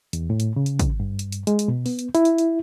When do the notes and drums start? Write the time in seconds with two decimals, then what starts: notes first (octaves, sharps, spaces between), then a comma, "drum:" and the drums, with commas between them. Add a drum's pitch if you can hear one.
0.13 E2, drum: hi-hat
0.30 A2
0.40 drum: hi-hat
0.56 C#3
0.66 drum: hi-hat
0.79 drum: kick, hi-hat
1.00 G2
1.19 drum: hi-hat
1.32 drum: hi-hat
1.47 G#3, drum: hi-hat
1.59 drum: hi-hat
1.68 B2
1.86 B3, drum: open hi-hat
1.99 drum: hi-hat
2.15 E4, drum: hi-hat
2.25 drum: hi-hat
2.38 drum: hi-hat